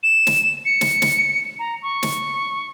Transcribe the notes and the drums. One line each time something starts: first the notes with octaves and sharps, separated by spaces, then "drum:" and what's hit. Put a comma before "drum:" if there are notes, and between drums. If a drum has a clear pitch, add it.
E7
drum: snare
C#7
drum: snare
drum: snare
A#5
C#6
drum: snare